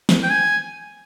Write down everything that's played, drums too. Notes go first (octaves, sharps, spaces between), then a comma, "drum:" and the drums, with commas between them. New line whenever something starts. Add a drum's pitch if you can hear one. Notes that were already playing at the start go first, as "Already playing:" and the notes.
drum: snare
G5
G#5